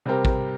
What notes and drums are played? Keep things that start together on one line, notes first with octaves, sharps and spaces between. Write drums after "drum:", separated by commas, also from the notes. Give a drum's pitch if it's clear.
C3 G3 C4 G4 A#4
drum: kick A1